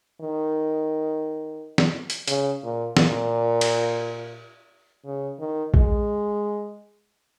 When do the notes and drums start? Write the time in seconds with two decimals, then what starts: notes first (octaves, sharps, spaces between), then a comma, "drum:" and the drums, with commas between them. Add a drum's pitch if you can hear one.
0.21 D#3
1.78 drum: snare
2.10 drum: hi-hat
2.28 C#3, drum: hi-hat
2.63 A#2
2.97 A#2, drum: snare
3.61 drum: cymbal
5.05 C#3
5.39 D#3
5.74 G#3, drum: kick A#1